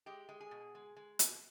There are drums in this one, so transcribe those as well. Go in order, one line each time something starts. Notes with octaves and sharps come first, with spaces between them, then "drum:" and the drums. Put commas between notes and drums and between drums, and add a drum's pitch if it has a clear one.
G#3 G4
G#3
G#4
B2
G#3
G#3
B2, drum: hi-hat